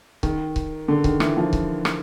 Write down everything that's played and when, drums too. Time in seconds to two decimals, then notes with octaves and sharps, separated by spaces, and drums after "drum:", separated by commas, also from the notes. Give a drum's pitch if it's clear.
0.23 D#3, drum: kick C#1
0.56 drum: kick C#1
0.88 D3
1.04 D#3, drum: kick C#1
1.20 E3, drum: rim click
1.37 F3
1.53 drum: kick C#1
1.85 drum: rim click